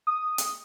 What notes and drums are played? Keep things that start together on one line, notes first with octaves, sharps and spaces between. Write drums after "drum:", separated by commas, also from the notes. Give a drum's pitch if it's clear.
D#6
drum: hi-hat